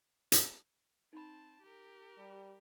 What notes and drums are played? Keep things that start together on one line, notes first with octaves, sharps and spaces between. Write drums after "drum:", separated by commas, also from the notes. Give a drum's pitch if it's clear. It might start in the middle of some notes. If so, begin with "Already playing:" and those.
drum: hi-hat
C4 D#4 A5 B5
G4 A#4
G3